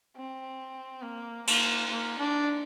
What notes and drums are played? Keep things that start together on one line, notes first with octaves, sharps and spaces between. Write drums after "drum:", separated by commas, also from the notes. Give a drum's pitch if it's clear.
C4
A#3
A#3, drum: cymbal
A#3
D4